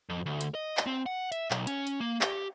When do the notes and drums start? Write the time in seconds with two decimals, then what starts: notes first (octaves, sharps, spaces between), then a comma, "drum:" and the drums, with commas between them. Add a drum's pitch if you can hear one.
0.09 F2
0.26 D2
0.41 drum: hi-hat
0.55 D#5
0.77 drum: clap
0.86 C4
1.06 F#5
1.32 E5, drum: hi-hat
1.51 B1, drum: clap
1.67 C#4, drum: hi-hat
1.87 drum: hi-hat
2.00 A#3
2.21 G4, drum: clap